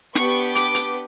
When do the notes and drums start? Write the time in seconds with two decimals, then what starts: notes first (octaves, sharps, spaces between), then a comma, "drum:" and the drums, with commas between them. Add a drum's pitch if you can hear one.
0.15 B3 D4 G4 C#6, drum: snare
0.55 D6, drum: hi-hat
0.75 drum: hi-hat